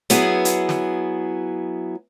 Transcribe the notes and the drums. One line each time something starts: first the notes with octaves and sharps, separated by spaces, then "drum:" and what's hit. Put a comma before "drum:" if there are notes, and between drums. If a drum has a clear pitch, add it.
F#3 B3 E4 G#4, drum: hi-hat
drum: hi-hat
drum: snare